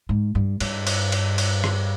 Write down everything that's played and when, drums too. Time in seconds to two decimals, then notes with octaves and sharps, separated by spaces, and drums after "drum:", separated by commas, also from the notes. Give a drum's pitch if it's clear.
0.09 G#2
0.35 G2
0.60 G2, drum: cymbal
0.87 drum: cymbal
1.12 drum: cymbal
1.38 drum: cymbal
1.64 drum: rim click